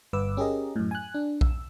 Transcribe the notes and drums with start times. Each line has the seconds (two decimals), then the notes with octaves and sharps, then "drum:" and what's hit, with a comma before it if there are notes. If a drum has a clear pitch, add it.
0.13 G1 G2 B4 D6 E6
0.37 C#4 G4 G#4 A#4 D#5
0.76 F#2 A2
0.91 G#5 F#6
1.14 D4
1.41 E6, drum: kick B1